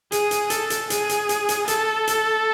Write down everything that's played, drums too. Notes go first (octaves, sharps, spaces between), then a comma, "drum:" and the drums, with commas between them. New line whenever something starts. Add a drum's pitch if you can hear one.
G#4, drum: hi-hat
drum: hi-hat
A4, drum: hi-hat
drum: hi-hat
G#4, drum: hi-hat
drum: hi-hat
drum: hi-hat
drum: hi-hat
A4, drum: hi-hat
drum: hi-hat